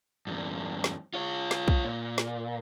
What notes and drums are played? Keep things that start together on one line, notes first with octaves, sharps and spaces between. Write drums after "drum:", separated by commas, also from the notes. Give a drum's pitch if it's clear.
E2 G2
drum: snare
F4 C#5
drum: snare
drum: kick
A#2
drum: snare